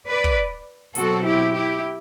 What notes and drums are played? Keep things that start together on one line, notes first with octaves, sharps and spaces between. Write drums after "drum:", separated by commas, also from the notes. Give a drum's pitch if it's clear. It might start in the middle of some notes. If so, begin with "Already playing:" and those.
B4 D5
drum: kick
B2 F#3 C4 F#4 A4, drum: hi-hat
E4 G4
E4 G4